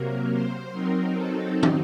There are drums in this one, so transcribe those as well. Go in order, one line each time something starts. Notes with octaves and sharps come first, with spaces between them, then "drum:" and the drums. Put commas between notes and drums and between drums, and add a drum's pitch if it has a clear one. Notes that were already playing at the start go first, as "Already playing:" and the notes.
Already playing: C3 F#3 A#3 A#4
C5
F#3 C4 D#4 A#4
A4
drum: tom